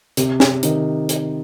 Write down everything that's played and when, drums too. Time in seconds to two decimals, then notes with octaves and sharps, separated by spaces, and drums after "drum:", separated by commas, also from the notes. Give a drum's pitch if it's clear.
0.17 C3, drum: hi-hat
0.40 drum: snare
0.63 D#3, drum: hi-hat
1.09 drum: hi-hat